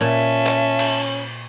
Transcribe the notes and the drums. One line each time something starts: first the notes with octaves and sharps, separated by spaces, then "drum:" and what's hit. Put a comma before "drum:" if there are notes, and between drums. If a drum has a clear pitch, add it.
A#2 C#4 E5 A5
drum: clap
drum: cymbal